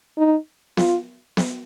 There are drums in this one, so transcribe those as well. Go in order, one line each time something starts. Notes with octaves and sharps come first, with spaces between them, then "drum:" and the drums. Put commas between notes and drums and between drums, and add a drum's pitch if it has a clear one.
D#4
F4, drum: snare B3
drum: snare B3